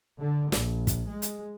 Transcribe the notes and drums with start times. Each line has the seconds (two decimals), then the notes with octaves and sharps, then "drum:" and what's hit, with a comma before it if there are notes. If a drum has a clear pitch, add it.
0.19 D3
0.52 A#1, drum: snare
0.87 drum: kick, hi-hat
1.07 G#3
1.22 drum: hi-hat